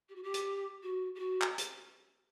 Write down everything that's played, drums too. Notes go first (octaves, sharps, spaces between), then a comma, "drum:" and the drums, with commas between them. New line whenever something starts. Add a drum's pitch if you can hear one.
G4
F#4
G4
drum: hi-hat
F#4
G4
F#4
drum: clap
drum: hi-hat